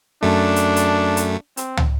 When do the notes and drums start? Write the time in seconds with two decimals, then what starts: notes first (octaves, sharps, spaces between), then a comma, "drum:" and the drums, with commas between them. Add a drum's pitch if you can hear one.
0.23 F#2 A3 D4
0.56 drum: hi-hat
0.76 drum: hi-hat
1.17 drum: hi-hat
1.57 C4, drum: hi-hat
1.77 drum: tom